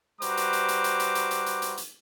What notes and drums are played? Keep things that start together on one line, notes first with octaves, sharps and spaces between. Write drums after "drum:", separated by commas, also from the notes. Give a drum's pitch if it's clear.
G3 F#4 B4 C5 A#5 D6, drum: hi-hat
drum: hi-hat
drum: hi-hat
drum: hi-hat
drum: hi-hat
drum: hi-hat
drum: hi-hat
drum: hi-hat
drum: hi-hat
drum: hi-hat
drum: hi-hat